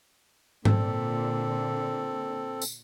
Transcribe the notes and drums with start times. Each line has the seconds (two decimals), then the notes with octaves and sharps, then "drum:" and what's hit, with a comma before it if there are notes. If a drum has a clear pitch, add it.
0.65 A#2 D3 C4 A4, drum: tom G#2
2.62 drum: tambourine